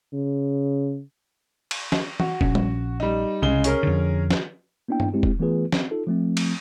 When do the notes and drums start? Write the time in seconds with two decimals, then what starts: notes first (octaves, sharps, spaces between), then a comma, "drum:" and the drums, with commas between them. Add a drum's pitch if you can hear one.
0.13 C#3
1.71 drum: cymbal
1.92 drum: snare
2.20 F#4, drum: tom E3
2.41 A#1 C#4, drum: kick E1
2.55 drum: tom G3
3.00 G3 D#4
3.42 C2 C#3 G#3 G7
3.64 C#4 G#4 A#4, drum: hi-hat
3.83 F2 D3
4.31 drum: snare
4.88 A#3 B3 D4 E4 G5
5.00 drum: tom G2
5.14 G#3 C4 E4 G4
5.23 drum: kick E1
5.40 E3 A3 B3 F4 G#4 B4
5.72 C4, drum: snare
5.91 D#4 F4 A4
6.07 F3 A3 C4
6.37 drum: cymbal